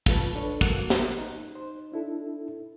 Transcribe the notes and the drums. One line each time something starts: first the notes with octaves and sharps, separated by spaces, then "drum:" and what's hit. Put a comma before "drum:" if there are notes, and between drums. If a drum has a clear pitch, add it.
C#3 F4 A4 B4, drum: kick
D4 A4 B4 C#5
A#3 F#4 F#6, drum: kick
drum: snare
D#4
C5
D4 E4 A4